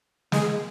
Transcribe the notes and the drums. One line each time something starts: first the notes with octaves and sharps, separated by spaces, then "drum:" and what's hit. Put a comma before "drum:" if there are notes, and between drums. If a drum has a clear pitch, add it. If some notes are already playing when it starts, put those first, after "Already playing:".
G#3, drum: snare